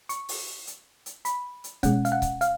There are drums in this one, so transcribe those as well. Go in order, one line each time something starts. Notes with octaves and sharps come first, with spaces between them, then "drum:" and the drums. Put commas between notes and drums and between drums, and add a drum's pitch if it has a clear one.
C#6, drum: hi-hat
drum: open hi-hat
drum: hi-hat
drum: hi-hat
B5, drum: hi-hat
drum: hi-hat
B2 G#3 C#4 F#5, drum: kick C#1, hi-hat
F5, drum: hi-hat
F#5
drum: kick C#1, hi-hat
F5, drum: hi-hat